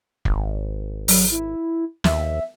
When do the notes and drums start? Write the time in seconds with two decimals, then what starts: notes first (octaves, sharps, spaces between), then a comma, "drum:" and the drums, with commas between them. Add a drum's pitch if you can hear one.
0.25 G#1, drum: kick
1.08 F#3, drum: open hi-hat
1.31 E4
2.04 D#2 E5, drum: snare